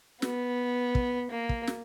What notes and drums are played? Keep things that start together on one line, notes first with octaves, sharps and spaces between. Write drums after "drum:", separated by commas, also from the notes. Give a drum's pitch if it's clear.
B3, drum: snare
drum: kick
A#3
drum: kick
drum: snare